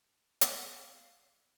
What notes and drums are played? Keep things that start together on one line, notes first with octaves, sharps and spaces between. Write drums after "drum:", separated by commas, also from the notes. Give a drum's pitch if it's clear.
F5, drum: hi-hat